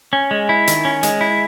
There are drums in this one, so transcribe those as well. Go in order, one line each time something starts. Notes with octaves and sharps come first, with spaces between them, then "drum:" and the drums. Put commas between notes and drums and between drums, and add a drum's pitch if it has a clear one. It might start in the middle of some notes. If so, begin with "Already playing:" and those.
C#4
G#3
E4
D#3, drum: hi-hat
C#4
G#3, drum: hi-hat
E4